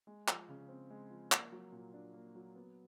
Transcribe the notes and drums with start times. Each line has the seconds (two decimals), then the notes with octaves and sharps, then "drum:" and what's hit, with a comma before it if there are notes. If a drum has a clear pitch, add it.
0.07 G#3
0.28 F3, drum: clap
0.49 C#3
0.68 C4
0.90 G#3
1.10 F3
1.32 A#3, drum: clap
1.52 F#3
1.72 A#2
1.94 D4
2.14 A#3
2.35 F#3
2.55 B3